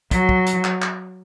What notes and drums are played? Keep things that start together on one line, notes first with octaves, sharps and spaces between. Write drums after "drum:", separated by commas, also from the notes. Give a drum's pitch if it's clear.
F#3, drum: kick, hi-hat
drum: kick
drum: hi-hat
drum: clap
drum: clap